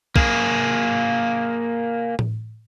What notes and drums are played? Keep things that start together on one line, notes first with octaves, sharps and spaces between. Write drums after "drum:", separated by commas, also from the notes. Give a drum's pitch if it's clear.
A#3 G#4, drum: kick
drum: tom A2